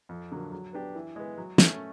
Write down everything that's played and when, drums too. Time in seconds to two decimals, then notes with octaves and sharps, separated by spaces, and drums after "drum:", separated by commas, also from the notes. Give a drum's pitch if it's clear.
0.09 F2
0.32 D3 F#3 A#3
0.52 F#3
0.73 B3 D4 G4
0.95 E3
1.16 G#3 B3
1.38 F#3
1.58 A3 C#4, drum: snare